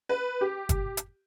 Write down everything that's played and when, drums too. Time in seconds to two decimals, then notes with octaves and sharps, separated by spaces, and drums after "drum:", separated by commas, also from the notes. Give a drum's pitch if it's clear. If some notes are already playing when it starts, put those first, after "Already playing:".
0.09 B4
0.41 G4
0.69 drum: kick, hi-hat
0.97 drum: hi-hat